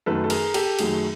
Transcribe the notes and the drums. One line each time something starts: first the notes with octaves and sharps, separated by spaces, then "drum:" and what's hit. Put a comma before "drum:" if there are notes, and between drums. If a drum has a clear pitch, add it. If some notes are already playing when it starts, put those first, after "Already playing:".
F#2 D#3 F#3 A3 A4 B4
A4
G#4 A#4, drum: cymbal
G4 A4, drum: cymbal
F#2 D#3 F#3 A3 G#4, drum: cymbal